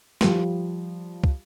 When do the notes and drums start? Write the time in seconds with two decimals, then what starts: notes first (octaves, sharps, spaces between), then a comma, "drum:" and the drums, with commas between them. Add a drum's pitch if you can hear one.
0.21 F3 G3, drum: snare
1.24 drum: kick